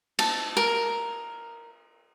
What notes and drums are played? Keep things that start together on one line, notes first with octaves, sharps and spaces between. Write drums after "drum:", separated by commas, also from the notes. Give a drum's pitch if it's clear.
A5, drum: cymbal
A#4